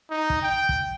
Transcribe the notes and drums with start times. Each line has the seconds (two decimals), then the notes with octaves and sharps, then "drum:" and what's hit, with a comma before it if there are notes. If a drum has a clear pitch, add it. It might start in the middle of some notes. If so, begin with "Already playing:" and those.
0.10 D#4
0.30 drum: kick
0.42 G5
0.69 drum: kick